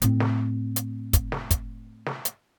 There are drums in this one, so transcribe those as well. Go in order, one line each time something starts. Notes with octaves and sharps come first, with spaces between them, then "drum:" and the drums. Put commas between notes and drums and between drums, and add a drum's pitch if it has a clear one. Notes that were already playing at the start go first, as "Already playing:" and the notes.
A2 C4, drum: hi-hat
drum: snare
drum: hi-hat
drum: kick, hi-hat
drum: snare
drum: kick, hi-hat
drum: snare
drum: hi-hat